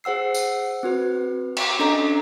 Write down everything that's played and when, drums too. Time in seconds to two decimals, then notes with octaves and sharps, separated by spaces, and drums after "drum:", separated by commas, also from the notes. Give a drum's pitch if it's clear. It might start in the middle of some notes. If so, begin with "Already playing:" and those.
0.04 G#4 C5 F#5 E6 C7
0.34 drum: tambourine
0.83 C4 F#4 B4
1.57 C#6 D6, drum: cymbal
1.79 C#4 D4 A4 D#5 A#5 D6